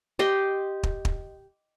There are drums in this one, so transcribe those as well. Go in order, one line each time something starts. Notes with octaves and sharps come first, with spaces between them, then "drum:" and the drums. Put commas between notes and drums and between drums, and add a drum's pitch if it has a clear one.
G4 D#5 C6
drum: kick
drum: kick